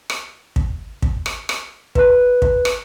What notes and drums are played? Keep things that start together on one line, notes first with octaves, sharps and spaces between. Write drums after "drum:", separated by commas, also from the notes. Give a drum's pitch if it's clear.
drum: rim click
drum: kick
drum: kick
drum: rim click
drum: rim click
B4 F#6, drum: kick
drum: kick
drum: rim click